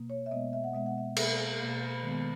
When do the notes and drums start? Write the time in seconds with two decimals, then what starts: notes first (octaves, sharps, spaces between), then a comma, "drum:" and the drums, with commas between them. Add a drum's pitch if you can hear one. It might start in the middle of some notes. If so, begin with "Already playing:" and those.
Already playing: B2 A#3
0.10 C#5
0.26 E5
0.31 B2 G#3 B3 D#5
0.53 E5
0.64 F#5
0.74 B2 G#3 B3 E5
0.86 F#5
0.98 E5
1.16 B2 A#3 E5, drum: cymbal
1.60 B2 A#3
2.02 D#3 G#3 B3